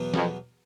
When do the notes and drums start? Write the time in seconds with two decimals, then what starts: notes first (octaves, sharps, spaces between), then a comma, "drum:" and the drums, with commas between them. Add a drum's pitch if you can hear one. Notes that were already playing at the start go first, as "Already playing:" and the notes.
Already playing: E2 B2 F#3 B3
0.14 F2, drum: snare